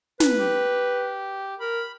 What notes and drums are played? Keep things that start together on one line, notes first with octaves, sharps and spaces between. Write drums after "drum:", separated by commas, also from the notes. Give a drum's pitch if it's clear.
B4, drum: snare
G4
A#4 B5